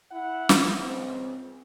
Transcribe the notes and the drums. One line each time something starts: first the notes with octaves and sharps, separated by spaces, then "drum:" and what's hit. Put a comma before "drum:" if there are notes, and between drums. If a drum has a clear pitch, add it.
E4 F#5
drum: snare
C#2 C4